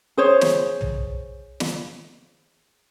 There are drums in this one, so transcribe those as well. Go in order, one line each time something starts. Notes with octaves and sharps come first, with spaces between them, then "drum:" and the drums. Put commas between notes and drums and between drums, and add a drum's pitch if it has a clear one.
G#4 C5 C#5
drum: snare
drum: tom
drum: snare